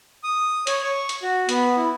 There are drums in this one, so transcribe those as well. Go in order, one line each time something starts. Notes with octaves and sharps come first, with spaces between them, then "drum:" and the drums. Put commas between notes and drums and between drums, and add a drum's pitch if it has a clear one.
D#6
C#5, drum: hi-hat
C#6
drum: hi-hat
F#4
B3, drum: hi-hat
E4